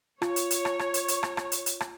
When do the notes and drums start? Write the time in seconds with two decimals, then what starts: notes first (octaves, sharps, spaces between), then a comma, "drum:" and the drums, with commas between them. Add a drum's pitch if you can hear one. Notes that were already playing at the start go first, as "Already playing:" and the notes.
0.22 F4 C#5, drum: rim click
0.36 drum: hi-hat
0.51 drum: hi-hat
0.65 drum: rim click
0.79 drum: rim click
0.94 drum: hi-hat
1.08 drum: hi-hat
1.23 drum: rim click
1.37 drum: rim click
1.52 drum: hi-hat
1.66 drum: hi-hat
1.80 drum: rim click